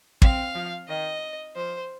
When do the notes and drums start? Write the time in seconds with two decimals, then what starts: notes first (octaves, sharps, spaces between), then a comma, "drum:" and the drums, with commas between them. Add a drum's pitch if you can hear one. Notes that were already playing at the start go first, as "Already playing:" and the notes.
0.22 C4 F5, drum: kick
0.55 F3
0.88 D#3 D#5
1.56 F3 C5